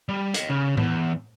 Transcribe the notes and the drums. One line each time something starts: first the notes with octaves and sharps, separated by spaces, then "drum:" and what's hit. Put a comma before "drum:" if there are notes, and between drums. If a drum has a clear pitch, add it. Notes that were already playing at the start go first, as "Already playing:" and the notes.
G3
D#5 F5, drum: hi-hat
C#3
E2, drum: tom A2